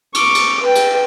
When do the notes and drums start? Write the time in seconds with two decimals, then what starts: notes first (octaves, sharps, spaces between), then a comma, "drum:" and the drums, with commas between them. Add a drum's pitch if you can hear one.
0.14 C#6 D6, drum: cymbal
0.35 drum: cymbal
0.63 B4 G5
0.75 drum: cymbal